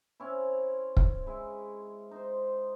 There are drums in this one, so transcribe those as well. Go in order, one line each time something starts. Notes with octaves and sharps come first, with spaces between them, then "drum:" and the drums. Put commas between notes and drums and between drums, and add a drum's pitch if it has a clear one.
C4 C#4 E4
drum: kick
G#3 E4 G#5
D#4 C5